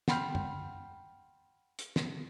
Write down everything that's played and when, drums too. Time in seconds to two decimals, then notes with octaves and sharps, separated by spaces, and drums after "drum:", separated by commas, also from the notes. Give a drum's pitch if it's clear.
0.08 F#5 G5 B5 C6 F6 G6, drum: snare
0.35 drum: tom F#2
1.79 drum: hi-hat
1.96 drum: snare